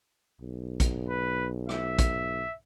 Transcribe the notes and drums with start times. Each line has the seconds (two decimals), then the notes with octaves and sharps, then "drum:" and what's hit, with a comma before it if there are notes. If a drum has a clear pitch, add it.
0.41 B1
0.80 drum: kick A#1, hi-hat
1.09 B4
1.69 E5, drum: rim click
1.99 drum: kick A#1, hi-hat